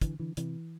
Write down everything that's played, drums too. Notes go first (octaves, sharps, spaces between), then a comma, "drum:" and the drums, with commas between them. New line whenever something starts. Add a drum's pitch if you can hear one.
D3 E3, drum: kick, hi-hat
D3 E3
C3 E3, drum: hi-hat